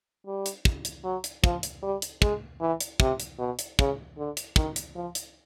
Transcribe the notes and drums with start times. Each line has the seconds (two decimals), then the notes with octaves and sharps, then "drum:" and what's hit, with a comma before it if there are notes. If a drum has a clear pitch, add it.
0.27 G3
0.46 drum: hi-hat
0.65 drum: kick
0.85 drum: hi-hat
1.05 F#3
1.24 drum: hi-hat
1.44 F3, drum: kick
1.63 drum: hi-hat
1.83 G3
2.02 drum: hi-hat
2.22 G#3, drum: kick
2.61 E3
2.80 drum: hi-hat
3.00 C3, drum: kick
3.20 drum: hi-hat
3.39 B2
3.59 drum: hi-hat
3.79 C#3, drum: kick
4.18 D3
4.37 drum: hi-hat
4.56 D#3, drum: kick
4.76 drum: hi-hat
4.96 F3
5.15 drum: hi-hat